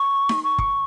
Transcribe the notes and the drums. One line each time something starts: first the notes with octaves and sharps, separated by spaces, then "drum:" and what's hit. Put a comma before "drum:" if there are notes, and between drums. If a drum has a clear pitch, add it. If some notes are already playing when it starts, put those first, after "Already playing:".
Already playing: C#6
drum: snare D#4
C#6
drum: kick